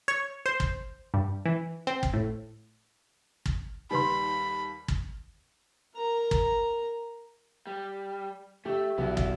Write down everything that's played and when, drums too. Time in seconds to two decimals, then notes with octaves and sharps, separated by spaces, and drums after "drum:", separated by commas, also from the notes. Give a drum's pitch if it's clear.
0.08 C#5
0.46 C5
0.60 drum: kick
1.14 G2
1.45 E3
1.87 C4
2.03 drum: kick
2.13 A2
3.46 drum: kick
3.91 D#2 G3 D#4 B4 B5 C6
4.88 drum: kick
5.96 A#4 A#5
6.31 drum: kick
7.67 G3
8.65 A3 G4 E5
8.98 B1 B3 E4 F#6
9.17 drum: kick